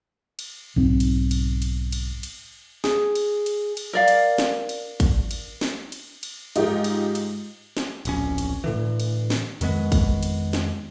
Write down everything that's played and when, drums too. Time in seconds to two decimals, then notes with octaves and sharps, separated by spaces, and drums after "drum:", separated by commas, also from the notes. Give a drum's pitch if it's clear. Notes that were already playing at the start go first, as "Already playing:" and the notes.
0.39 drum: cymbal
0.76 B1 G#2 C4
1.00 drum: cymbal
1.31 drum: cymbal
1.62 drum: cymbal
1.92 drum: cymbal
2.23 drum: cymbal
2.84 G#4, drum: snare
3.15 drum: cymbal
3.46 drum: cymbal
3.77 drum: cymbal
3.93 A#4 D5 F5
4.08 drum: cymbal
4.38 drum: snare
4.69 drum: cymbal
5.00 drum: kick, cymbal
5.31 drum: cymbal
5.61 drum: snare
5.92 drum: cymbal
6.23 drum: cymbal
6.56 G#2 D#4 F4 G4, drum: cymbal
6.84 drum: cymbal
7.15 drum: cymbal
7.77 drum: snare
8.05 D1 A#1 C#4, drum: cymbal
8.38 drum: cymbal
8.64 A2 D3 E3
9.00 drum: cymbal
9.30 drum: snare
9.61 F2 D#3 G#3 B3, drum: cymbal
9.92 drum: kick, cymbal
10.23 drum: cymbal
10.53 drum: snare